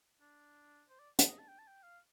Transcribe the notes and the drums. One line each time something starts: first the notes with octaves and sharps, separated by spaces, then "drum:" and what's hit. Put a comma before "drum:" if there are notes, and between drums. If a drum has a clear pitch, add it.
D4
C5
D5
C5, drum: hi-hat
D#5
A5
G5
A5
G5
F5